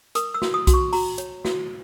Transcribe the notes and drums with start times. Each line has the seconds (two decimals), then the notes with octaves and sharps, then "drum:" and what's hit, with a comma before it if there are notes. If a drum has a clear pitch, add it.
0.15 A#4 D#6, drum: hi-hat
0.34 E6
0.42 F#4, drum: snare
0.54 D#6
0.67 F#4, drum: kick B1, hi-hat
0.74 C#6
0.93 F#4 A#5, drum: open hi-hat
1.18 C#5, drum: hi-hat
1.45 F#4, drum: snare